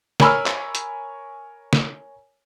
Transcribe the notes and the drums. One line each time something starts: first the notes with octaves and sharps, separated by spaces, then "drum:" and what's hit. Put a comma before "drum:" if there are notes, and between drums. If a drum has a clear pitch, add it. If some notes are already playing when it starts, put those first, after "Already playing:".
A#4 C#5 G#5 B5 E6 F6, drum: snare
drum: clap
drum: hi-hat
drum: snare